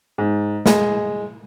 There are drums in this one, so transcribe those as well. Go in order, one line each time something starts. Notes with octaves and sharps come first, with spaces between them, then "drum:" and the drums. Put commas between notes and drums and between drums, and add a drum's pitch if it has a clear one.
G#2
G#3, drum: snare